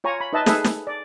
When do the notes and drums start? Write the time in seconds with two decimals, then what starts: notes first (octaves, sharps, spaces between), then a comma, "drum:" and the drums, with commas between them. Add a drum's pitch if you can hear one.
0.04 F4 C#5 G#5 A#5 C#6
0.20 B5
0.33 D#4 B4 D#5 E5 A5
0.46 G#4 A4 B4 E5, drum: snare
0.64 drum: snare
0.87 D5